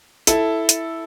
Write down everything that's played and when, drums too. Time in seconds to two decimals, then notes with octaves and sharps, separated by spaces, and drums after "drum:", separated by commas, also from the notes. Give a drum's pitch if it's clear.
0.27 E4 A4, drum: hi-hat
0.69 drum: hi-hat